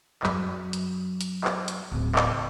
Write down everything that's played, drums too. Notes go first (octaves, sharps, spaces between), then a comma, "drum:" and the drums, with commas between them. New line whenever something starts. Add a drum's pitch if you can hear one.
F#2 F#3, drum: clap
drum: hi-hat
drum: hi-hat
drum: clap
drum: hi-hat
D1 C#3
drum: clap